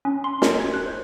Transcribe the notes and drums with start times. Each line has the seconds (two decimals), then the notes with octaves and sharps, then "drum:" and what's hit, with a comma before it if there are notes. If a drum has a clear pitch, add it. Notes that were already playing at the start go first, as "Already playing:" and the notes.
0.05 C#4
0.24 C6
0.42 A#4, drum: snare
0.60 G#6
0.74 F#6
0.86 C5